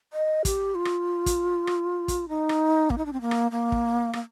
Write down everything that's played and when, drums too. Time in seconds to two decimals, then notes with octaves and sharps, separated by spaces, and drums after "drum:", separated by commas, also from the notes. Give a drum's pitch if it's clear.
0.13 D#5
0.45 G4, drum: kick, hi-hat
0.75 F4
0.85 drum: rim click
1.26 drum: kick, hi-hat
1.67 drum: rim click
2.08 drum: kick, hi-hat
2.29 D#4
2.49 drum: rim click
2.90 A#3, drum: kick
2.98 D#4
3.06 D4
3.13 C4
3.21 A#3
3.31 drum: rim click
3.51 A#3
3.72 drum: kick
4.13 A#3, drum: rim click